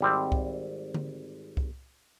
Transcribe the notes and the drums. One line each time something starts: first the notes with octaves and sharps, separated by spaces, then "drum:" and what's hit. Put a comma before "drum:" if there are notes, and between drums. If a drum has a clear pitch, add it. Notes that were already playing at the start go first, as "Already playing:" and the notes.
G#1 G3 C4
drum: kick C2
drum: tom D3
drum: kick C2